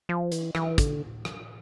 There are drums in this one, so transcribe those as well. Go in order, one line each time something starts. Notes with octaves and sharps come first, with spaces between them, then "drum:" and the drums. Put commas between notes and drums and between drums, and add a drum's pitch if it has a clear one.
F3
E3, drum: hi-hat
E3, drum: rim click
D3, drum: kick, hi-hat
drum: rim click